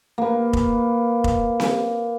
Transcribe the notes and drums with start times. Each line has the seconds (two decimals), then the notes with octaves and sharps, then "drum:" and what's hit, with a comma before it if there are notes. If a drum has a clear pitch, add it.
0.18 A#3 B4
0.53 drum: kick F1
1.24 drum: kick F1
1.60 drum: snare C4